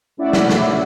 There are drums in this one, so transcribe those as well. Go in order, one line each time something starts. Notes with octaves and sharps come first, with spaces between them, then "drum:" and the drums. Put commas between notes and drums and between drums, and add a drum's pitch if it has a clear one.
A3 C#4 E4 D5 E5 F#5
drum: snare
drum: snare